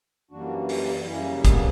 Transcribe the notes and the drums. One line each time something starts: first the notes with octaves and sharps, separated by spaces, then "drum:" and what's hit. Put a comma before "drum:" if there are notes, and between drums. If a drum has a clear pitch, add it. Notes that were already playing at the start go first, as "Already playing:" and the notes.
F#2 E3 G3 A#3 D4 F#4
drum: open hi-hat
F#2 C#3 G3 A#3 C#4 E4
B3 D4, drum: kick, hi-hat